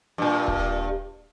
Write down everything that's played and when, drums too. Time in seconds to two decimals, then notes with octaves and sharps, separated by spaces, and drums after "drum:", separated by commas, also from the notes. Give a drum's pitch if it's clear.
0.18 G2 A#2
0.48 drum: kick D#1